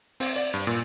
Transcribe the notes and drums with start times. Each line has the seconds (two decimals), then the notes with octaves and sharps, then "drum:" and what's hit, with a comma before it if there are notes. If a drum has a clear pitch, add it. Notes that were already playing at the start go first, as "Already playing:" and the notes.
0.20 C4, drum: open hi-hat
0.36 D5
0.54 G2
0.67 A#2